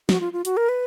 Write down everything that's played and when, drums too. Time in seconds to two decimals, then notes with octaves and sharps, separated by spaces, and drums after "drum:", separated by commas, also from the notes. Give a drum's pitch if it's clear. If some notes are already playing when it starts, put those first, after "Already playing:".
0.09 F#4, drum: snare
0.20 F4
0.33 F4
0.45 F#4, drum: hi-hat
0.57 A#4
0.69 B4